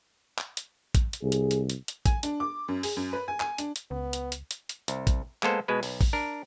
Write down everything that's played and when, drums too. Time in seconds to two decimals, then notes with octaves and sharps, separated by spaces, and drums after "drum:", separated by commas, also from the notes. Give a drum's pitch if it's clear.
0.38 drum: clap
0.57 drum: hi-hat
0.95 drum: kick, hi-hat
1.13 drum: hi-hat
1.22 C2 G#4
1.32 drum: hi-hat
1.51 drum: hi-hat
1.70 drum: hi-hat
1.88 drum: hi-hat
2.06 G#5, drum: kick, hi-hat
2.23 D4, drum: hi-hat
2.40 D6
2.68 F#2
2.83 G#4, drum: open hi-hat
2.97 F#2
3.13 B4
3.28 G#5
3.40 G#5, drum: clap
3.58 D4, drum: hi-hat
3.76 drum: hi-hat
3.91 C#2 B3
4.13 drum: hi-hat
4.32 drum: hi-hat
4.51 drum: hi-hat
4.69 drum: hi-hat
4.88 C2, drum: hi-hat
5.07 drum: kick, hi-hat
5.43 G#3 A#3 B3 A4 C5, drum: clap
5.68 B2 G#3 B4
5.83 B1, drum: open hi-hat
6.01 drum: kick, open hi-hat
6.13 D4 A#4